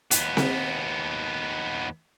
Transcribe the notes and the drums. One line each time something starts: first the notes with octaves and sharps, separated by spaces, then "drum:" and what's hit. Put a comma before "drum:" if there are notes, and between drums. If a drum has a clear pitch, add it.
D#2 B3, drum: hi-hat
drum: snare C4